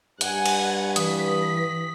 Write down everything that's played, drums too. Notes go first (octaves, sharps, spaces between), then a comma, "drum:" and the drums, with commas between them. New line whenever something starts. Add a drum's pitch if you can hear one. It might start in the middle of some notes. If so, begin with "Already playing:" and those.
G2 F#5 G#5, drum: hi-hat
drum: cymbal
E3 D#6 B6, drum: hi-hat